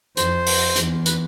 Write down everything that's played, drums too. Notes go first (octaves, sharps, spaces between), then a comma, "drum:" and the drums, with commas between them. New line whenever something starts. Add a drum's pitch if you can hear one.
F2 C5, drum: hi-hat
drum: open hi-hat
E2, drum: hi-hat
B4, drum: hi-hat